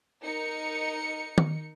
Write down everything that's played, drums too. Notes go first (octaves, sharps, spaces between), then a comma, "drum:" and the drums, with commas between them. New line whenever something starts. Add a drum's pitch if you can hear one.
D#4 A#4 C#7
drum: tom D#3